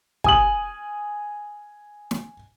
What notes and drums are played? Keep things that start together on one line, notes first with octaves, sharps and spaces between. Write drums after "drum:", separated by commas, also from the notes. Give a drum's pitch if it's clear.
G#5 D#6 F#7, drum: kick
drum: snare